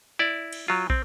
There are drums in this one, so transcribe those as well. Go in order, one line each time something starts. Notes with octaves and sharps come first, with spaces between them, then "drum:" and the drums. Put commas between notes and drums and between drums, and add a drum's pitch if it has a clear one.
E4 D5
drum: cymbal
F#3 F4
C4, drum: kick